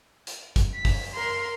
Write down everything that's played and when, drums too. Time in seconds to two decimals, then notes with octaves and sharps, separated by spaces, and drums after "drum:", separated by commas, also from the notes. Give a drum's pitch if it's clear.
0.27 drum: hi-hat
0.56 drum: kick, hi-hat
0.75 B6
0.85 drum: kick, open hi-hat
1.14 A#4 C6